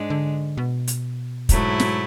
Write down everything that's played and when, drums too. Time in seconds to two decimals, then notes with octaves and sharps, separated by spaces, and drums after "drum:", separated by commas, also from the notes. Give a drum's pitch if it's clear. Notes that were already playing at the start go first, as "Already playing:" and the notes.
Already playing: G#2 G#3 D4
0.10 D3
0.57 B2
0.87 drum: hi-hat
1.49 G#2 F#3 A3 E4, drum: kick, hi-hat
1.80 drum: snare